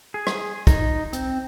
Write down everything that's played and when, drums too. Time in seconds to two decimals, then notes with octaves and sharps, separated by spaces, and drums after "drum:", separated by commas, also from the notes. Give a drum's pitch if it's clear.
0.14 G#4
0.27 drum: rim click
0.67 D#4, drum: kick, hi-hat
1.13 C4, drum: hi-hat